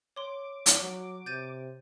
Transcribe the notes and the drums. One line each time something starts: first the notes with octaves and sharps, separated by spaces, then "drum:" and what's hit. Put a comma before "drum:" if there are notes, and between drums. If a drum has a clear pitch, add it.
C#5 C6 D6
drum: hi-hat
F#3
C3 G6 A6 D#7